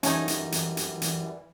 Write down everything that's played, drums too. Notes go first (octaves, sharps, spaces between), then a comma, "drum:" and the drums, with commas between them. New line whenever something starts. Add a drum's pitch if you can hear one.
F#2 E3 G3 A3 C#4 D#4 G#5, drum: hi-hat
drum: hi-hat
drum: hi-hat
drum: hi-hat
drum: hi-hat